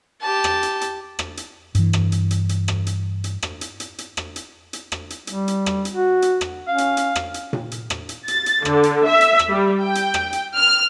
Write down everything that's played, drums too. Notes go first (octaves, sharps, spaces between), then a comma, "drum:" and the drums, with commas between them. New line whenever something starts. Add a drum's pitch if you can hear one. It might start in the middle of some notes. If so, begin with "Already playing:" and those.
G4 A5
drum: rim click
drum: hi-hat
drum: hi-hat
drum: rim click
drum: hi-hat
G2 E3, drum: hi-hat
drum: rim click
drum: hi-hat
drum: hi-hat
drum: hi-hat
drum: rim click
drum: hi-hat
drum: hi-hat
drum: rim click
drum: hi-hat
drum: hi-hat
drum: hi-hat
drum: rim click
drum: hi-hat
drum: hi-hat
drum: rim click
drum: hi-hat
G3, drum: hi-hat
drum: hi-hat
drum: rim click
drum: hi-hat
F#4
drum: hi-hat
drum: rim click
C#4 F5
drum: hi-hat
drum: hi-hat
drum: rim click
drum: hi-hat
drum: tom A#2
drum: hi-hat
drum: rim click
drum: hi-hat
A6, drum: hi-hat
drum: hi-hat
D3, drum: rim click
drum: hi-hat
E5
drum: hi-hat
drum: rim click
G3
G5
drum: hi-hat
drum: rim click
drum: hi-hat
F6